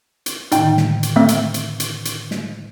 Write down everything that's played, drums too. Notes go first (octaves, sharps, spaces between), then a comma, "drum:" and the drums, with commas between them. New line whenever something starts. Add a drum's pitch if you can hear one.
drum: hi-hat
A2 D3 D#3 D#4 G5, drum: hi-hat
drum: snare
drum: hi-hat
A3 C4 E5
drum: hi-hat
drum: hi-hat
drum: hi-hat
drum: hi-hat
drum: snare